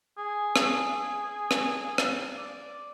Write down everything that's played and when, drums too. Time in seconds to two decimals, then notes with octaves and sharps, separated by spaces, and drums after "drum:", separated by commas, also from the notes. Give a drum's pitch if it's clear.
0.17 G#4
0.56 G#4, drum: rim click
1.51 drum: rim click
1.98 drum: rim click
2.37 D5